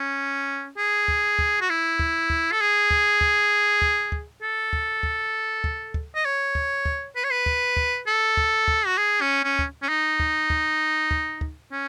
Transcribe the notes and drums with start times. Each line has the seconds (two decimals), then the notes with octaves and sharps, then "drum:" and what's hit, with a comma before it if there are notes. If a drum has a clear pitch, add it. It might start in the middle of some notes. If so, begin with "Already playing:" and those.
Already playing: C#4
0.77 G#4
1.08 drum: kick
1.39 drum: kick
1.61 F#4
1.70 E4
1.99 drum: kick
2.30 drum: kick
2.52 A4
2.61 G#4
2.91 drum: kick
3.21 drum: kick
3.82 drum: kick
4.12 drum: kick
4.42 A4
4.73 drum: kick
5.03 drum: kick
5.64 drum: kick
5.94 drum: kick
6.15 D#5
6.25 C#5
6.55 drum: kick
6.86 drum: kick
7.16 B4
7.24 C#5
7.31 B4
7.46 drum: kick
7.77 drum: kick
8.07 A4
8.37 drum: kick
8.68 drum: kick
8.86 F#4
8.98 G#4
9.21 C#4
9.44 C#4
9.59 drum: kick
9.82 C#4
9.89 D#4
10.20 drum: kick
10.50 drum: kick
11.11 drum: kick
11.41 drum: kick
11.72 C#4